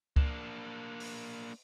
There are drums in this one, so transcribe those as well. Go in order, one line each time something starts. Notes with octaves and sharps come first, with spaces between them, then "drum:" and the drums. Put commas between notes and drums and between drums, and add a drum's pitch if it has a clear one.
A#3 D4, drum: kick C#2
drum: open hi-hat